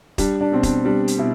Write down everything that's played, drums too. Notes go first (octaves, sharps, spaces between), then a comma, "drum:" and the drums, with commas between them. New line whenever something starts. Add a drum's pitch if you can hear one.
G3 D4, drum: kick, hi-hat
D4
B2 C4
D4, drum: kick, hi-hat
G3 D4
drum: hi-hat
B2 E4